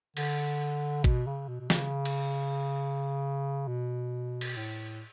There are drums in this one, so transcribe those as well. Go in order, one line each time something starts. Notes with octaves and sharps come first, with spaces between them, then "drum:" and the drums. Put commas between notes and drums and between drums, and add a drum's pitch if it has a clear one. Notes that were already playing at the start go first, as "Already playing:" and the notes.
D3, drum: cymbal
B2, drum: kick
C#3
B2
B2
C#3, drum: snare
drum: cymbal
B2
drum: cymbal
A2